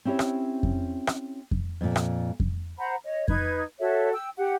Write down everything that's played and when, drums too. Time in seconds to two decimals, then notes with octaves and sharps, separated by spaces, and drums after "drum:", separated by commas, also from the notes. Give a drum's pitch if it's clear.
0.05 C4 C#4 E4 G4 C#5
0.19 drum: rim click
0.63 drum: kick F2
1.07 drum: rim click
1.51 drum: kick F2
1.81 F2 A#2
1.96 drum: rim click
2.40 drum: kick F2
2.78 C5 F#5 A#5 B5
3.04 C#5 D#5
3.28 D#4 B4 G#6, drum: kick F2
3.80 F#4 A4 C#5 E5
4.13 G5 E6
4.37 G4 F#5